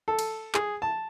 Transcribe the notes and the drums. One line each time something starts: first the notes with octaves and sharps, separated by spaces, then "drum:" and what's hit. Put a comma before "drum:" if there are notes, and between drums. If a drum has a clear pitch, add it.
A4
drum: cymbal
G#4, drum: clap
A5